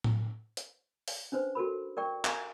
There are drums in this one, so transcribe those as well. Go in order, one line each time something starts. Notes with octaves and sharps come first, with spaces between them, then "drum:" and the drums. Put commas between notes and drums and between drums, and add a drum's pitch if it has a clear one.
drum: tom A2
drum: hi-hat
drum: open hi-hat
C#4 D4 B4 C5
F#4 A4 A#4 B5
A#4 D5 G5 C#6
A#4 F5 G#5 A#5, drum: clap